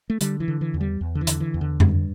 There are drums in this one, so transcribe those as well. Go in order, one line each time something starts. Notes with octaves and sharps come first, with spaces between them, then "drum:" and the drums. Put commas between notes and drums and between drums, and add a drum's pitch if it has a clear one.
A3
D3 G3, drum: hi-hat
E3
D3
E3
E2
G3
E2
D3
E3
D3, drum: hi-hat
E3
E2
D3
G2, drum: tom F2